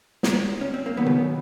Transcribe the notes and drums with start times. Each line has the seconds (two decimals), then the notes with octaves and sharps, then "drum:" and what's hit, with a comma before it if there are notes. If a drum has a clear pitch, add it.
0.23 drum: snare
0.61 C#4
0.74 C4
0.86 A#3
0.97 D#2 D#3 F#3 B3
1.06 drum: tom B2